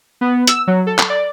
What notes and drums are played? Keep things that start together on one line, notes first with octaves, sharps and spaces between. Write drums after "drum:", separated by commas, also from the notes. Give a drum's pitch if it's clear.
B3
E6, drum: hi-hat
F#3
A4
drum: clap
D5